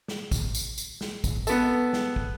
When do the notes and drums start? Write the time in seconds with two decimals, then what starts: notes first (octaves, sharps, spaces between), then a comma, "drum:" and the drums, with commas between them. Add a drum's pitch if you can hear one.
0.08 drum: snare
0.31 drum: kick, tambourine
0.55 drum: tambourine
0.78 drum: tambourine
1.01 drum: snare
1.24 drum: kick, tambourine
1.47 B3 A4, drum: tambourine
1.93 drum: snare
2.16 drum: kick